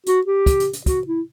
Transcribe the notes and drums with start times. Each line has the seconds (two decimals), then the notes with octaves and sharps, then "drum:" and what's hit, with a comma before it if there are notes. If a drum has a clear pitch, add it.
0.06 F#4, drum: hi-hat
0.26 G4
0.46 drum: kick, hi-hat
0.60 drum: hi-hat
0.73 drum: hi-hat
0.86 F#4, drum: kick, hi-hat
1.07 E4